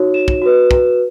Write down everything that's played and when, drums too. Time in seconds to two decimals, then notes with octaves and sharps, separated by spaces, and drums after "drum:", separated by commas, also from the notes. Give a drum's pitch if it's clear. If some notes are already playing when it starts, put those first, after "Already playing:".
Already playing: D#4 F#4 C#5
0.14 E7
0.28 drum: kick
0.41 F#4 B4
0.71 drum: kick